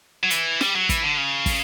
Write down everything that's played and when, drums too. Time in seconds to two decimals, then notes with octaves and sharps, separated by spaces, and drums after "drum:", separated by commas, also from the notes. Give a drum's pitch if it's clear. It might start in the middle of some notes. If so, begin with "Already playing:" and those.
0.23 F#3
0.30 E3, drum: hi-hat
0.61 G3, drum: snare
0.75 F#3
0.89 E3, drum: kick, hi-hat
1.03 D3
1.17 C#3
1.46 drum: kick, open hi-hat